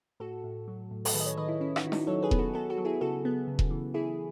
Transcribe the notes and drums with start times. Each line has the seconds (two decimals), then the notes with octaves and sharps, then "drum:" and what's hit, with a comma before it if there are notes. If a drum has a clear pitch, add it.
0.20 A2 F#4 A4
0.44 A2
0.68 F#3
0.91 A2
1.05 A4, drum: open hi-hat
1.13 D#3 G#4 B4
1.20 D#5
1.25 A4 C#5
1.37 D#3 B4 D#5
1.48 E4
1.61 C#4 E4
1.76 D#4 F#4, drum: rim click
1.85 D#3 E4
1.92 D#4 F#4, drum: snare
2.07 F#3 A4 C#5
2.22 G#4 B4
2.31 B3, drum: kick E1
2.39 F#4 A4
2.54 B3 F#4 A4
2.70 F#4 A4
2.78 F#3
2.85 E4 G#4
3.01 C#3 F#4 A4
3.25 B3
3.48 C#3
3.59 drum: kick E1
3.70 E3
3.94 E3 E4 G#4